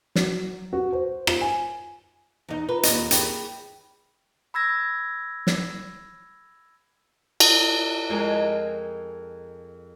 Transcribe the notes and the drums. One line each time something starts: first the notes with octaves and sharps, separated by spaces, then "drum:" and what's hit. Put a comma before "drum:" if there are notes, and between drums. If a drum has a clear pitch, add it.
F#3, drum: snare
F#4
C5
F4, drum: rim click
G#5
E2 D#4
F4 B4 A#5
D#2 B4 D#5, drum: hi-hat
G#4 G5 B5, drum: hi-hat
B5 E6 G#6 A#6
drum: snare
drum: cymbal
F2 G#3 A#4 D#5 G#5